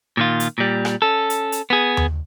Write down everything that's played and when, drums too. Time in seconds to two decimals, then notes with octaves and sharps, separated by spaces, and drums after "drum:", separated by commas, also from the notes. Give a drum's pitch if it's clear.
0.17 A#2 D#3 F4
0.40 drum: hi-hat
0.58 A#2 G3
0.85 drum: rim click
1.02 C#4 A4
1.30 drum: hi-hat
1.52 drum: hi-hat
1.70 B3 G#4
1.97 drum: tom D#2